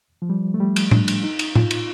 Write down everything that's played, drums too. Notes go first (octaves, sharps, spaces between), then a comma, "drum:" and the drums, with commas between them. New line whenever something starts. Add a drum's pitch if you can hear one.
F3
G3
A3
G3
drum: cymbal
D4, drum: tom A2
drum: cymbal
D#4
drum: cymbal
F4, drum: tom A2
drum: cymbal